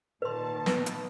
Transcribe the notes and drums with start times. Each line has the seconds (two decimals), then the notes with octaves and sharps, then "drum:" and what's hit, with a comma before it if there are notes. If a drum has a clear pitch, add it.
0.22 A#2 D#3 B4 A5 C6
0.66 B3, drum: snare
0.86 drum: hi-hat